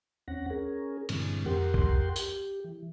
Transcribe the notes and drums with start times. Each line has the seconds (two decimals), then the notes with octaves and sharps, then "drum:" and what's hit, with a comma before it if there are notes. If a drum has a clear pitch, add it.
0.28 D#2 C4 C#4 F#5 A#6
0.50 C#4 G#4 A#4
1.09 G2 A#2 D3 E3 G#3 C4, drum: cymbal
1.45 F2 G4 A#4 F#5 G5 C6
1.74 drum: kick
2.16 G4, drum: tambourine
2.64 E3